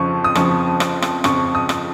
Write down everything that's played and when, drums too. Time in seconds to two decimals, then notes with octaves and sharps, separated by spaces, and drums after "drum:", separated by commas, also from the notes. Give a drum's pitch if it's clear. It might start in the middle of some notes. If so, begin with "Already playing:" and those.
Already playing: F2 C#3 F3 C#6
0.24 D#6
0.35 F2 C#3 F3 C#6, drum: rim click
0.80 drum: rim click
1.02 drum: rim click
1.24 F2 C#3 F3 C#6, drum: rim click
1.55 D#6
1.69 drum: rim click